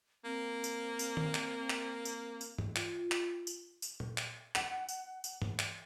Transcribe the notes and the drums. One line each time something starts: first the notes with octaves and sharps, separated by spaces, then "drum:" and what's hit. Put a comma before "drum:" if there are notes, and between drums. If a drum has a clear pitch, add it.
A#3 C4
drum: tambourine
drum: tambourine
drum: tom D#3
drum: clap
drum: clap
drum: tambourine
drum: tambourine
drum: tom G#2
F4, drum: clap
drum: clap
drum: tambourine
drum: tambourine
drum: tom A#2
drum: clap
F#5, drum: clap
drum: tambourine
drum: tambourine
drum: tom G#2
drum: clap